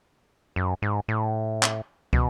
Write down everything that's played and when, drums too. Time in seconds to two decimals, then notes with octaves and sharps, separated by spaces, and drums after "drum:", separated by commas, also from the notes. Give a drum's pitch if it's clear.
0.56 F#2
0.82 G#2
1.08 A2
1.63 drum: clap
2.13 B2, drum: kick